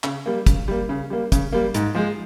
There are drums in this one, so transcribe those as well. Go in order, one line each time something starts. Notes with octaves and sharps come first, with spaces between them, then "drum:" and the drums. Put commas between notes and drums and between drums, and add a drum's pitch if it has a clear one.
C#3, drum: clap
G3 A#3
C#3, drum: kick, hi-hat
G3 A#3
C#3
G3 A#3
C#3, drum: kick, hi-hat
G3 A#3
G#2, drum: hi-hat
F3 G#3